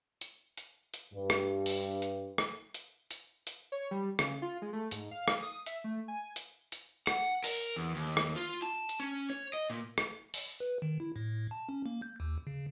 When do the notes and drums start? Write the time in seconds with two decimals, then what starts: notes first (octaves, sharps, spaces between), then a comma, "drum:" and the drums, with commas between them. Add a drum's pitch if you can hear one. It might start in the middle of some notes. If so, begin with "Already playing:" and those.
0.21 drum: hi-hat
0.58 drum: hi-hat
0.94 drum: hi-hat
1.13 G2
1.30 drum: rim click
1.66 drum: open hi-hat
2.02 drum: hi-hat
2.38 drum: rim click
2.74 drum: hi-hat
3.11 drum: hi-hat
3.47 drum: hi-hat
3.72 C#5
3.91 G3
4.19 C#3, drum: rim click
4.42 F4
4.62 G#3
4.73 A3
4.91 G#2, drum: hi-hat
5.11 F5
5.28 drum: rim click
5.42 D#6
5.66 E5, drum: hi-hat
5.84 A3
6.08 G#5
6.36 drum: hi-hat
6.72 drum: hi-hat
7.07 F#5, drum: rim click
7.44 A#4, drum: open hi-hat
7.76 E2
7.95 D#2
8.17 drum: rim click
8.36 F4
8.62 A5
8.89 drum: hi-hat
9.00 C#4
9.30 C#5
9.53 D#5
9.70 A#2
9.98 drum: rim click
10.34 drum: open hi-hat
10.60 B4
10.82 D#3
11.00 E4
11.16 A2
11.51 A5
11.69 C#4
11.86 A#3
12.02 G6
12.20 D#2
12.47 C#3